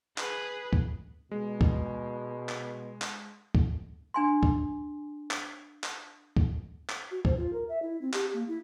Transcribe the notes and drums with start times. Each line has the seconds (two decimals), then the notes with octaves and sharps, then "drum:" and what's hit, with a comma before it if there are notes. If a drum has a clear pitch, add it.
0.18 G#4 B4, drum: clap
0.73 drum: kick
1.31 B2 G#3
1.61 drum: kick
2.49 drum: clap
3.02 drum: clap
3.55 drum: kick
4.14 D4 G#5 C6
4.43 drum: kick
5.31 drum: clap
5.84 drum: clap
6.37 drum: kick
6.89 drum: clap
7.11 F#4
7.25 C5, drum: kick
7.37 F4
7.53 A#4
7.69 E5
7.82 E4
8.01 C4
8.13 G4, drum: clap
8.33 A#3
8.48 E4